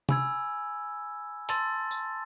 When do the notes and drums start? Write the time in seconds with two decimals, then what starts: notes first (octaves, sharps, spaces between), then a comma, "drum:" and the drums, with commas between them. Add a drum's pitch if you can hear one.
0.09 G#5 B5 E6 G#6, drum: tom
1.49 A5 C6 E6 A6, drum: hi-hat
1.91 drum: tambourine